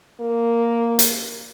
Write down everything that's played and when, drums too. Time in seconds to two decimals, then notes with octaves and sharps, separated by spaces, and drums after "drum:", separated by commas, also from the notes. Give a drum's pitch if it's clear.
0.20 A#3
0.99 drum: hi-hat